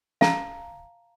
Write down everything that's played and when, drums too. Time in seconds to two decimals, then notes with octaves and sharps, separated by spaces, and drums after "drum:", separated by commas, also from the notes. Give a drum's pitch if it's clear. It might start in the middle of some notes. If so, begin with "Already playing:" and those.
0.21 F5 A5 A#5, drum: snare